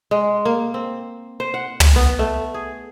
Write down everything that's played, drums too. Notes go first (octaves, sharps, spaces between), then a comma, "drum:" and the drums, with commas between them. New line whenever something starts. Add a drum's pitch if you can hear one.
G#3
A#3
C4
C5
F#5
drum: tom
B3
A3
G#4